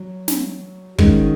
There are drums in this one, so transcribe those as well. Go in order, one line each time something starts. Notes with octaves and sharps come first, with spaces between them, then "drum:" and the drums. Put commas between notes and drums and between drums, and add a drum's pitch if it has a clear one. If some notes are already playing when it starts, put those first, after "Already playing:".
Already playing: F#3
drum: snare
D#3 G#3 C#4 F#4 A#4, drum: kick